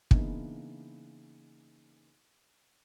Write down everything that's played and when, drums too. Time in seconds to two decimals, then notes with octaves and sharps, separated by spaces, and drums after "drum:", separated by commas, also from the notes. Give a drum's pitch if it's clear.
0.11 C#3 E3 A#3 B3 D4 D#4, drum: kick